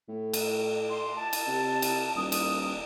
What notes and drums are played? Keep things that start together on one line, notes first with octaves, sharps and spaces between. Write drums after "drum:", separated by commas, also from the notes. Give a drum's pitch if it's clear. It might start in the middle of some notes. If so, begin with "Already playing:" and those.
A2
drum: cymbal
C6
A5
drum: cymbal
C3
drum: cymbal
D#1 D#6
drum: cymbal